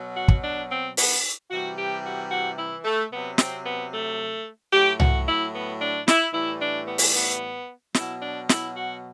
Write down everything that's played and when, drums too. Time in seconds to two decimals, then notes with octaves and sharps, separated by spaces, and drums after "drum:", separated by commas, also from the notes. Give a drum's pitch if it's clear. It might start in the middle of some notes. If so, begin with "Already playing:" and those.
Already playing: B2 F#3
0.16 F#4
0.28 drum: kick
0.44 D4
0.70 C4
0.97 B3, drum: open hi-hat
1.51 C3 E3 G3 F#4
1.77 G4
2.05 F#4
2.31 F#4
2.57 E4
2.85 A3
3.11 C3 F#3 B3
3.38 C4, drum: snare
3.65 B3
3.92 A3
4.73 A2 F#3 G4
5.00 F#4, drum: tom C2
5.27 E4
5.53 B3
5.81 D4
6.08 E4, drum: snare
6.33 A2 E3 G3 E4
6.61 D4
6.88 B3
6.98 drum: open hi-hat
7.15 B3
7.94 B2 F#3 E4, drum: snare
8.21 D4
8.49 E4, drum: snare
8.76 F#4